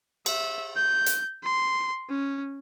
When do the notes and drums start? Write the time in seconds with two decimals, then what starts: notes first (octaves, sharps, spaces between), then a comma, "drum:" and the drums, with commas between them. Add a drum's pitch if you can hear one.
0.26 E5, drum: cymbal
0.76 G6
1.06 drum: hi-hat
1.43 C6
2.09 C#4